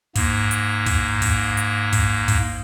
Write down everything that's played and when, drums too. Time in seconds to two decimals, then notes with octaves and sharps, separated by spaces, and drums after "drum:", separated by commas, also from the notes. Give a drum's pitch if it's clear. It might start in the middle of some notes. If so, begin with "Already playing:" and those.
0.15 G#2 A#3, drum: kick, open hi-hat
0.51 drum: hi-hat
0.86 drum: kick, open hi-hat
1.22 drum: kick, open hi-hat
1.57 drum: hi-hat
1.93 drum: kick, open hi-hat
2.28 drum: kick, open hi-hat